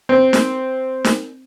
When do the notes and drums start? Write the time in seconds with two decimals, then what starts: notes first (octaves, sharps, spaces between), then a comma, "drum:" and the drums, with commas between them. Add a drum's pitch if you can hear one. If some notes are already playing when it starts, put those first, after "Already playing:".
0.09 C4
0.33 drum: snare
1.04 drum: snare